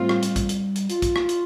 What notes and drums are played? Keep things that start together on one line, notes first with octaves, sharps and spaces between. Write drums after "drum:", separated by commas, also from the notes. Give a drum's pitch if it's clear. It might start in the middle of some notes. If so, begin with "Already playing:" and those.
Already playing: A2 G3 C4 F4
drum: rim click
drum: hi-hat
drum: kick, hi-hat
drum: hi-hat
drum: hi-hat
F4, drum: hi-hat
drum: kick, hi-hat
drum: rim click
drum: hi-hat